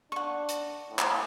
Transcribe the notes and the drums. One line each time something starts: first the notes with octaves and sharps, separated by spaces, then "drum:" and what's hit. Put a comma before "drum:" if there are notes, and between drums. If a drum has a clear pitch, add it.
D4 F#5 C#6
drum: hi-hat
A2
drum: clap